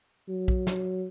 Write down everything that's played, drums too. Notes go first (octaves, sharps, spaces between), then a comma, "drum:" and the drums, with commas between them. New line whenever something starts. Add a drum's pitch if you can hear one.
F#3
drum: kick A#1
drum: snare